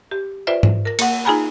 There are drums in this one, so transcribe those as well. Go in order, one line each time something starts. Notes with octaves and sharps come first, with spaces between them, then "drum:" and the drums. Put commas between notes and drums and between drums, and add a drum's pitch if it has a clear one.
G4
F4 B4 C5 D5 E5
drum: tom G#2
A#4 A#6
A#3 F#5, drum: cymbal
D#4 F4 G#4 G#5 A#5 B5